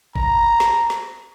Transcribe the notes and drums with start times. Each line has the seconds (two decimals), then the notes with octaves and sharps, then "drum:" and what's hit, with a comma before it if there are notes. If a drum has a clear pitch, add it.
0.16 A#5, drum: kick G1
0.60 drum: snare
0.90 drum: snare